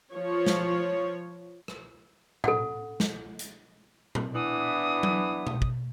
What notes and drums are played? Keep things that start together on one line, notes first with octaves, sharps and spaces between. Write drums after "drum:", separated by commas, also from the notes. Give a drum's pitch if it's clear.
F3 C#5
drum: snare
drum: rim click
A4 F#5, drum: tom A2
drum: snare
drum: hi-hat
drum: tom
E3 B3 D4 E4 D#6
drum: tom F#3
drum: tom B2
drum: kick